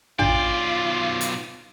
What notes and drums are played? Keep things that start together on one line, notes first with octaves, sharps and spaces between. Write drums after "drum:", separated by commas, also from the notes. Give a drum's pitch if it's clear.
B1 D4 F4 D5, drum: tom A1
drum: hi-hat